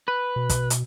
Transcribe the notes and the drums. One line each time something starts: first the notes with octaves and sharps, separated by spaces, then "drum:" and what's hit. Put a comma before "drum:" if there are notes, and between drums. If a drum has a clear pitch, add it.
B4
B2
drum: kick, hi-hat
drum: hi-hat